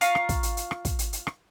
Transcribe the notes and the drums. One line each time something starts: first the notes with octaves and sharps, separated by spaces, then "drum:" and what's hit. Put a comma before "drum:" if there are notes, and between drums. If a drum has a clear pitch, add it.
F4 F5 A#5 C#6, drum: hi-hat
drum: rim click
drum: kick, hi-hat
drum: hi-hat
drum: hi-hat
drum: rim click
drum: kick, hi-hat
drum: hi-hat
drum: hi-hat
drum: rim click